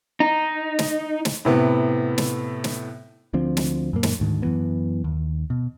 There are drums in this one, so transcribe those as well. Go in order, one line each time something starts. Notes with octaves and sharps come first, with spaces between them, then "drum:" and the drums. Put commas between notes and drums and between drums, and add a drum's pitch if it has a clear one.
D#4
drum: snare
drum: snare
A2 C3 B3
drum: snare
drum: snare
D2 D3 F3 C4
drum: snare
F#2 A#2 A#3
drum: snare
D2 G#2 D#3
F#2 E3 B3
D#2
B2